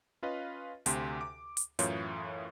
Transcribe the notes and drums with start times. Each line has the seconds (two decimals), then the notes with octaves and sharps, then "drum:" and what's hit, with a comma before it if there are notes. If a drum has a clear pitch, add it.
0.23 C#4 F4 B4 D#5 F5
0.86 D2 C3 G4 C6, drum: hi-hat
1.21 D6
1.57 drum: hi-hat
1.79 F#2 A2 E3 F4 C#5 G6, drum: hi-hat